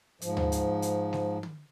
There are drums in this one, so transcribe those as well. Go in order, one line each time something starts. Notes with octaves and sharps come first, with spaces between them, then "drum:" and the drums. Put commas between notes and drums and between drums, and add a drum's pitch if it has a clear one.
G#2 F3, drum: hi-hat
drum: tom D2
drum: hi-hat
drum: hi-hat
drum: snare G#3
drum: tom